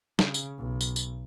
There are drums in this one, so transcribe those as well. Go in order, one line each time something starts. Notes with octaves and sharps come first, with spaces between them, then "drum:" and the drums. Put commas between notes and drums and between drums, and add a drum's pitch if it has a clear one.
C#3, drum: snare
drum: tambourine
B1
drum: tambourine
drum: tambourine